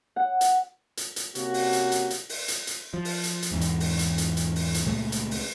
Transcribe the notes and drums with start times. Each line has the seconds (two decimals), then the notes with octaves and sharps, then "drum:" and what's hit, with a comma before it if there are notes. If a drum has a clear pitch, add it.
0.16 F#5
0.41 drum: hi-hat
0.97 drum: hi-hat
1.16 drum: hi-hat
1.35 C3 A#3 C#4 F#4, drum: hi-hat
1.54 drum: open hi-hat
1.73 drum: hi-hat
1.92 drum: hi-hat
2.10 drum: hi-hat
2.29 drum: open hi-hat
2.48 drum: hi-hat
2.67 drum: hi-hat
2.94 F3
3.05 drum: open hi-hat
3.24 drum: hi-hat
3.42 drum: hi-hat
3.52 E2 G#2
3.61 drum: hi-hat
3.80 drum: open hi-hat
3.99 drum: hi-hat
4.18 drum: hi-hat
4.37 drum: hi-hat
4.56 drum: open hi-hat
4.74 drum: hi-hat
4.85 C#2 A#2 G#3 A3
5.12 drum: hi-hat
5.31 drum: open hi-hat